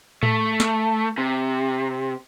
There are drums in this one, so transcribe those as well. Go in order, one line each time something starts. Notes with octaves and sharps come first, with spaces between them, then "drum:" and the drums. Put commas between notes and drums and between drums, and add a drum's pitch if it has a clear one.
A3, drum: tom A2
drum: snare
C3